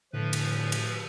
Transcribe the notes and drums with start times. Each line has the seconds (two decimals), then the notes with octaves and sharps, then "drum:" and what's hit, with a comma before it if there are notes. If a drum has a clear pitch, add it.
0.13 A2 D3 F3 B4
0.33 drum: cymbal
0.72 drum: cymbal